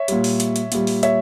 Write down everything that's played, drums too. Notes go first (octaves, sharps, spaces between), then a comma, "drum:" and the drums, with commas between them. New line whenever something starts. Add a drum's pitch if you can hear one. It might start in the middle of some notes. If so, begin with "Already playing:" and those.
Already playing: C#5 E5
A#2 G3, drum: hi-hat
drum: open hi-hat
drum: hi-hat
drum: hi-hat
A#2 G3, drum: hi-hat
drum: open hi-hat
C#5 E5, drum: hi-hat